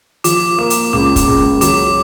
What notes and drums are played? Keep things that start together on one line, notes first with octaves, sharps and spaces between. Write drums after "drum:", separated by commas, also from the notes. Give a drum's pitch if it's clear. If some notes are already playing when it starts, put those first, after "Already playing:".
F3 D6, drum: hi-hat
A#3 D6
drum: hi-hat
C#2 D6
drum: kick, hi-hat
C#2
F#3 D6, drum: hi-hat